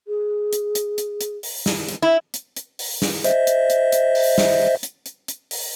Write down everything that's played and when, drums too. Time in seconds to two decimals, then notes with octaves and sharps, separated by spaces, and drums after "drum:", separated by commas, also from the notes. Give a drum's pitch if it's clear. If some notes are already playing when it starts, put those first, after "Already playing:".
0.08 G#4
0.53 drum: hi-hat
0.75 drum: hi-hat
0.98 drum: hi-hat
1.21 drum: hi-hat
1.43 drum: open hi-hat
1.66 drum: snare
1.89 drum: hi-hat
2.02 E4
2.34 drum: hi-hat
2.56 drum: hi-hat
2.79 drum: open hi-hat
3.02 drum: snare
3.24 C5 D#5 E5, drum: hi-hat
3.47 drum: hi-hat
3.70 drum: hi-hat
3.92 drum: hi-hat
4.15 drum: open hi-hat
4.38 drum: snare
4.83 drum: hi-hat
5.06 drum: hi-hat
5.28 drum: hi-hat
5.51 drum: open hi-hat